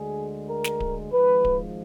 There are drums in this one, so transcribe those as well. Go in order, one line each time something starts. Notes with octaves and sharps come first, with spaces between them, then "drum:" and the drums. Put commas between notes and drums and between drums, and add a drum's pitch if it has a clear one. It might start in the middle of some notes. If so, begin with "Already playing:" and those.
Already playing: D2 D3 G#3 G#4
A#4
drum: snare
drum: kick D1
G#1 G#2 F3 B4
drum: kick D1